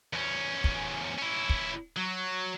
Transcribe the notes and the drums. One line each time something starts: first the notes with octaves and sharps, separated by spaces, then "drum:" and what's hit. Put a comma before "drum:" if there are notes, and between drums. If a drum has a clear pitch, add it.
E2 C#4
drum: kick
C#4 E4
drum: kick
F#3